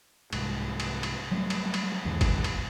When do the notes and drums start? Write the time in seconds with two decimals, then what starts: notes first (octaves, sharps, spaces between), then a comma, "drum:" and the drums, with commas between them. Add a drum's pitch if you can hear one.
0.33 C2 G#2, drum: cymbal
0.80 drum: cymbal
1.03 drum: cymbal
1.31 F#3 G3 A3 C#4
1.50 drum: cymbal
1.74 drum: cymbal
2.05 B1 E2 G#2 D#3
2.21 drum: kick, cymbal
2.44 drum: cymbal